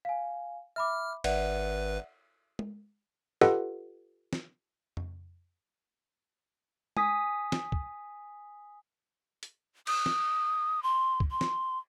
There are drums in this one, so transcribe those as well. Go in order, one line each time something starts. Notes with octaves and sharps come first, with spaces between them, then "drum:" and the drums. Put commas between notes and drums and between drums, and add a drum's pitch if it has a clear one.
F5 G#5
E5 B5 D6 F6
G#1 B4 D5 E5 F#5, drum: cymbal
drum: tom G#3
F4 G4 A4 B4 D#5 F#5, drum: snare
drum: snare
drum: tom F2
G#5 D#6 B6, drum: tom G#3
drum: snare
drum: kick
drum: hi-hat
D#6, drum: cymbal
drum: snare
C6
drum: kick
C6
drum: snare